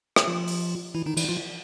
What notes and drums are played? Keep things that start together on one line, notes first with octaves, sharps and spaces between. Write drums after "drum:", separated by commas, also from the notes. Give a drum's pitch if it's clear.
drum: rim click
F3 F4
drum: open hi-hat
E3 E4
D#3 D#4
E3 E4, drum: cymbal
F3 F4